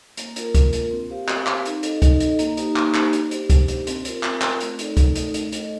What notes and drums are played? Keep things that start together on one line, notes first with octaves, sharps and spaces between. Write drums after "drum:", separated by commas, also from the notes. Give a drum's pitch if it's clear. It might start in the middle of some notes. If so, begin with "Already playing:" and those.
A#3, drum: hi-hat
D4 F4 A#4, drum: hi-hat
A#3, drum: kick C2, hi-hat
D4 F4 A#4, drum: hi-hat
C4
G4 C5 F5
C4, drum: clap
G4 C5 F5, drum: clap
D#4, drum: hi-hat
A4 D#5, drum: hi-hat
D#4, drum: kick C2, hi-hat
A4 D#5, drum: hi-hat
A#3, drum: hi-hat
D#4 G4 C5, drum: hi-hat
A#3, drum: clap
D#4 G4 C5, drum: clap
D4, drum: hi-hat
G4 C5, drum: hi-hat
D4, drum: kick C2, hi-hat
G4 C5, drum: hi-hat
C4, drum: hi-hat
F4 A#4, drum: hi-hat
C4, drum: clap
F4 A#4, drum: clap
A3, drum: hi-hat
D#4 A4 D5, drum: hi-hat
A3, drum: kick C2, hi-hat
D#4 A4 D5, drum: hi-hat
A3, drum: hi-hat
D4 A4 D#5, drum: hi-hat